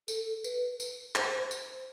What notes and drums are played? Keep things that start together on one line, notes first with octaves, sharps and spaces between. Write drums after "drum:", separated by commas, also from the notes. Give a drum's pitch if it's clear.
A4, drum: tambourine
B4, drum: tambourine
drum: tambourine
C5, drum: clap
drum: tambourine